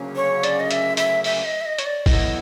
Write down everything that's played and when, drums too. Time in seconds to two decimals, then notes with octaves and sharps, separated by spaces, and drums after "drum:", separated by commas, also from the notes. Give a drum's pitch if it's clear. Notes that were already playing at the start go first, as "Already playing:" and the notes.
Already playing: D2 C#3 F#3 A#3 C#4
0.16 C#5
0.43 D5, drum: hi-hat
0.60 D#5
0.71 E5, drum: hi-hat
0.97 E5, drum: hi-hat
1.24 E5, drum: open hi-hat
1.45 D#5
1.61 E5
1.66 D#5
1.78 C#5, drum: hi-hat
1.85 D5
2.06 A2 F#3 B3 E4 D#5, drum: kick G#1, open hi-hat